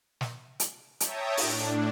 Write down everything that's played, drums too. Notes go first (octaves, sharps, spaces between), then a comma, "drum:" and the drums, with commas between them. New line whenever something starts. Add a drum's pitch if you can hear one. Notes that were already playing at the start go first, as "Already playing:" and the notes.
drum: snare
drum: hi-hat
C#5 E5 G5 A5 A#5 D#6, drum: hi-hat
A2 D4, drum: open hi-hat